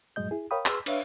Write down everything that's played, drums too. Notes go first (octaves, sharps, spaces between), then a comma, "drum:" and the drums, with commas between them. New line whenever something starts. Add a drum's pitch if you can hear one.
G2 A#2 F#3 G#3 D#5 G6
E4 G#4
A#4 C#5 F5 G5 B5 D#6
G#4 B4 C6 E6 F6, drum: clap
D4 B4 C#5 E5 F5, drum: cymbal